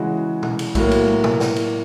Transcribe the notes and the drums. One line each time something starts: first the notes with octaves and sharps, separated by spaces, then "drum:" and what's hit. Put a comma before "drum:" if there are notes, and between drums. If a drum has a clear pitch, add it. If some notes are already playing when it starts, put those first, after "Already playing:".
Already playing: C#3 E3 G#3 F#4
drum: tom
drum: cymbal
A2 F#3 A#3, drum: kick, cymbal
drum: cymbal
drum: tom
drum: tom
drum: snare
drum: cymbal